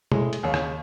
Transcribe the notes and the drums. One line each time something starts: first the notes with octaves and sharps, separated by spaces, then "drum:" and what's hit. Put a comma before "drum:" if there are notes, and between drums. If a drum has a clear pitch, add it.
A2 G#3, drum: tom B2
drum: hi-hat
D#2 C#3
drum: rim click